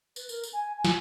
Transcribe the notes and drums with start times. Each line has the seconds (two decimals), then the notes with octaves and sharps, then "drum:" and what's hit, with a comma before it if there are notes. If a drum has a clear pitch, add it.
0.16 B4, drum: tambourine
0.29 A#4, drum: tambourine
0.44 drum: tambourine
0.53 G#5
0.75 G#5
0.85 drum: snare